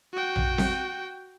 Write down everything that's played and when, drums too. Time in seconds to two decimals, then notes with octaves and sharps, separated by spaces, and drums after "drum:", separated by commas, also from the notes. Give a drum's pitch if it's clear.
0.13 F#4 G5
0.36 drum: tom A#1
0.58 drum: snare C4